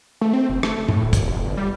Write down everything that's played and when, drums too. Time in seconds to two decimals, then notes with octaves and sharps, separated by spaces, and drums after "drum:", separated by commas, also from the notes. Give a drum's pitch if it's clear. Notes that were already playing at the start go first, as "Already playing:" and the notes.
0.21 A3
0.33 C4
0.49 F#1
0.63 A3, drum: rim click
0.88 A2, drum: tom
1.04 D1
1.13 drum: kick, hi-hat
1.27 F1
1.45 G1
1.57 G3